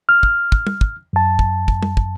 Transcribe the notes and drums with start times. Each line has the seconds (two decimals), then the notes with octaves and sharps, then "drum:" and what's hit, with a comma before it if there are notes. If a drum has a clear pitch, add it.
0.09 F6
0.23 drum: kick
0.52 drum: kick
0.67 drum: tom
0.81 drum: kick
1.13 F#2 A5
1.39 drum: kick
1.68 drum: kick
1.83 drum: tom
1.97 drum: kick